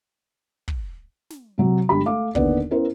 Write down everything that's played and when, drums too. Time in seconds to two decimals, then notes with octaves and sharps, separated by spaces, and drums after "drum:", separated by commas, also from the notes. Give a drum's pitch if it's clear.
0.68 drum: kick
1.30 drum: snare
1.58 C3 F#3
1.89 G1 D3 G#3 G4 B5
2.06 A3 F5 D6
2.35 D#2 D3 B3 D5, drum: kick
2.71 B3 C#4 E4 A#4 C5